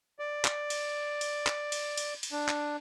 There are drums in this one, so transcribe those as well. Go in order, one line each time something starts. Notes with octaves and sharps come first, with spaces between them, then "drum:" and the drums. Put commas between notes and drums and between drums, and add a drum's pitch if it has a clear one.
D5
drum: clap
drum: cymbal
drum: cymbal
drum: clap
drum: cymbal
drum: cymbal
drum: cymbal
D4
drum: clap